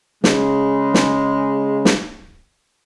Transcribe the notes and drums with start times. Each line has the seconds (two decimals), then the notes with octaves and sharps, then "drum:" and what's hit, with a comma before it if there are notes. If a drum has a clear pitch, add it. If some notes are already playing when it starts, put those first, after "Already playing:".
0.24 C#3 G#3, drum: snare
0.94 drum: snare
1.85 drum: snare